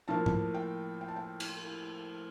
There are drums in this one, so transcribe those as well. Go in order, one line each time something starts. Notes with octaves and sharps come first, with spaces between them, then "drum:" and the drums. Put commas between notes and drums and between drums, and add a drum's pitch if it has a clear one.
A2 F3 A#3 A5
drum: tom G#2
G5
G5
A5
G5
drum: cymbal